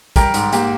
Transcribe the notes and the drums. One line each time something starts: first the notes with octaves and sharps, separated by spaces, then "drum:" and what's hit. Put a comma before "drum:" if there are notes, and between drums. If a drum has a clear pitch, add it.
G3 G4 A#4, drum: kick, hi-hat
G#2, drum: hi-hat
A#3 G4, drum: hi-hat